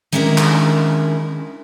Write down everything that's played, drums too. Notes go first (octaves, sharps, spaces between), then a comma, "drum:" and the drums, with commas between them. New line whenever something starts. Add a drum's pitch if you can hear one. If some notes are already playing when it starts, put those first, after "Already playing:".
D#3 G#3 C#4 D4 E4 A#4
drum: clap